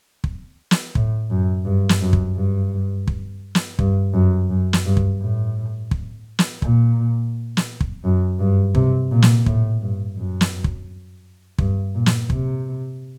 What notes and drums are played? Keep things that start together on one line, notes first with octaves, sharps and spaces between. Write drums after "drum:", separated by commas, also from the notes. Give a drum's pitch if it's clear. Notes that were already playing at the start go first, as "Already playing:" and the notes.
drum: kick
drum: snare
A2, drum: kick
F#2
G2
drum: snare
F#2
drum: kick
G2
drum: kick
drum: snare
G2, drum: kick
F#2
F#2
drum: snare
G2
drum: kick
A2
drum: kick
drum: snare
A#2, drum: kick
drum: snare
drum: kick
F#2
G2
C3, drum: kick
A#2
drum: snare
A2, drum: kick
G2
F#2
drum: snare
drum: kick
G2, drum: kick
A#2
drum: snare
C3, drum: kick